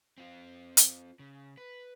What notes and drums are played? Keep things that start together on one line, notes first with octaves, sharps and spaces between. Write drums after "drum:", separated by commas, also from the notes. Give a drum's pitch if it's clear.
C4 F4
drum: hi-hat
C#3
B4